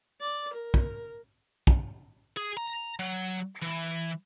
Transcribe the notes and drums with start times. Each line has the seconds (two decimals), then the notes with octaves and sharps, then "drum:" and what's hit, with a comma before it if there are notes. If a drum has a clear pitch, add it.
0.21 D5
0.54 A#4
0.74 drum: kick
1.67 drum: kick
2.37 G#4
2.57 A#5
2.99 F#3
3.62 E3